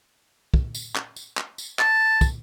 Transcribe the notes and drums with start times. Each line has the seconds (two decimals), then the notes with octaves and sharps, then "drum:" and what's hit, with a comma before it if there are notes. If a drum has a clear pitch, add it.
0.54 drum: kick
0.75 drum: tambourine
0.95 drum: clap
1.16 drum: tambourine
1.37 drum: clap
1.58 drum: tambourine
1.79 A5, drum: clap
2.21 drum: kick, tambourine